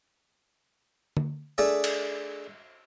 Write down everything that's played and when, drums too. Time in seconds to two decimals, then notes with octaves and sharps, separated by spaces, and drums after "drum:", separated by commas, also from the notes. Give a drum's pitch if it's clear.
1.17 drum: tom D3
1.58 A3 D4 G#4 D5 E5
1.84 drum: cymbal